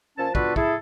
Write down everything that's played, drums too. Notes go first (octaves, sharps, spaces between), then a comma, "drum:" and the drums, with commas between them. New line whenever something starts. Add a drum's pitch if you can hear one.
A#2 F3 C#4 A5
B3 D4 F4 F#4 A4 B4, drum: kick
E4 G#4 A4, drum: kick